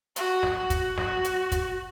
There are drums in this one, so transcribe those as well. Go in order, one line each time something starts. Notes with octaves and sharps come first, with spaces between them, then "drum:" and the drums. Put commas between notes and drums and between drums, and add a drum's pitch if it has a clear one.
F#4, drum: hi-hat
drum: snare
F#4
drum: kick, hi-hat
F#4, drum: snare
drum: hi-hat
drum: kick, hi-hat